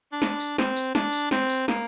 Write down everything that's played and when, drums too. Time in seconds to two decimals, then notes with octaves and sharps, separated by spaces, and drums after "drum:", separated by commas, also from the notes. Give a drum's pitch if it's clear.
0.12 D4
0.22 drum: snare
0.40 drum: tambourine
0.58 C4, drum: snare
0.76 drum: tambourine
0.95 D4, drum: snare
1.13 drum: tambourine
1.31 C4, drum: snare
1.49 drum: tambourine
1.68 A#3, drum: snare